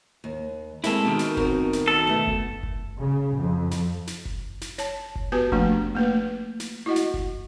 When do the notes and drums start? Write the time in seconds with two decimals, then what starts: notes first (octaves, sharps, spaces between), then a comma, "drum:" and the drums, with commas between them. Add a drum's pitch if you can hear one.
0.24 D#2
0.84 G#3 A#3 C4 E4 A4, drum: snare
1.05 B2 D#3
1.19 drum: snare
1.37 C4 F#4 A#4, drum: kick F#1
1.73 drum: snare
1.88 A4
2.07 A3 B3
2.27 drum: kick F#1
2.63 drum: kick F#1
3.00 C#3
3.37 F2
3.71 drum: snare
4.07 drum: snare
4.25 drum: kick F#1
4.61 drum: snare
4.78 C#5 A5, drum: snare
5.16 drum: kick F#1
5.32 B3 F#4 G4 B4 G#5 A5
5.52 F3 A3 A#3 D4, drum: kick F#1
5.95 A3 A#3 B4
6.60 drum: snare
6.86 E4 F#4 D#5 F#5
6.96 drum: snare
7.14 drum: kick F#1